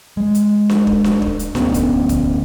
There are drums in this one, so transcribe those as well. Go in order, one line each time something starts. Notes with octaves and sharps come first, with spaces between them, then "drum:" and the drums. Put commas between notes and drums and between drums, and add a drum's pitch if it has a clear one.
G#3
drum: hi-hat
drum: snare D4
drum: kick
drum: snare D4
drum: kick
drum: hi-hat
D2 B3 C#4, drum: snare D4
drum: kick, hi-hat
drum: kick, hi-hat